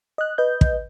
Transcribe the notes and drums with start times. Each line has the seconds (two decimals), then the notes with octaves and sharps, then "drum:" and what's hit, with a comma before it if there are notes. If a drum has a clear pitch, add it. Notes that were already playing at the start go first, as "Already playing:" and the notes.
0.18 D#5 F#6
0.38 B4 D#5 G6
0.61 drum: kick